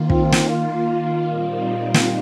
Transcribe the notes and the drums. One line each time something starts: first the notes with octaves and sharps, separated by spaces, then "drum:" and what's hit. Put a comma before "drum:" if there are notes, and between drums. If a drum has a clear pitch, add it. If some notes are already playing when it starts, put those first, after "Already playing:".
Already playing: D#3 A#3 F4
C4, drum: kick
drum: snare
F4
A#2 G3 C4 D#4
drum: snare